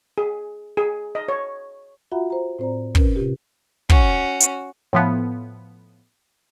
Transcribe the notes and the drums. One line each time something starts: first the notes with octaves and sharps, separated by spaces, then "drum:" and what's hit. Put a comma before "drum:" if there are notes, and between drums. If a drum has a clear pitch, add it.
G#4
G#4
D#5
C#5
F4 F#4 E5 F#5 A#5 B5
C5 A#5
A2 C4 C5 D5 A#5
C#4 A#4 B4, drum: kick
C3 F4 G4
C#4 F#4, drum: kick
drum: hi-hat
A2 F3 B3